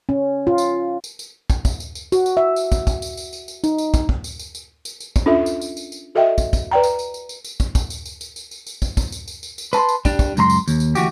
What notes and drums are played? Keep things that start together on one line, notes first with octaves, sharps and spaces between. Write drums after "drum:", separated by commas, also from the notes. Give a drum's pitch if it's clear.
C#4
F4
drum: tambourine
drum: tambourine
drum: tambourine
drum: kick, tambourine
drum: kick, tambourine
drum: tambourine
drum: tambourine
F#4, drum: tambourine
drum: tambourine
E5
drum: tambourine
drum: kick, tambourine
drum: kick, tambourine
drum: tambourine
drum: tambourine
drum: tambourine
drum: tambourine
D#4, drum: tambourine
drum: tambourine
drum: kick, tambourine
drum: kick
drum: tambourine
drum: tambourine
drum: tambourine
drum: tambourine
drum: tambourine
drum: kick, tambourine
C#4 D4 F4 A4 E5
drum: tambourine
drum: tambourine
drum: tambourine
drum: tambourine
F#4 A4 D#5 E5 G5
drum: kick, tambourine
drum: kick, tambourine
B4 D5 G5 A#5
drum: tambourine
drum: tambourine
drum: tambourine
drum: tambourine
drum: tambourine
drum: kick, tambourine
drum: kick, tambourine
drum: tambourine
drum: tambourine
drum: tambourine
drum: tambourine
drum: tambourine
drum: tambourine
drum: kick, tambourine
drum: kick, tambourine
drum: tambourine
drum: tambourine
drum: tambourine
drum: tambourine
B4 A5 B5 C6, drum: tambourine
drum: tambourine
G3 D4, drum: kick, tambourine
drum: kick, tambourine
C#2 F#2 A#5 C6, drum: tambourine
drum: tambourine
D#2, drum: tambourine
drum: tambourine
D2 E3 F#4 G4, drum: tambourine